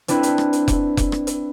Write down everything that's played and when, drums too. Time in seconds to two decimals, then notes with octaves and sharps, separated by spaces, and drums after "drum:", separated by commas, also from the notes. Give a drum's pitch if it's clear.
0.08 C4 D4 E4 B4, drum: hi-hat
0.23 drum: hi-hat
0.38 drum: rim click
0.53 drum: hi-hat
0.68 drum: kick F1, hi-hat
0.97 drum: kick F1, hi-hat
1.12 drum: rim click
1.27 drum: hi-hat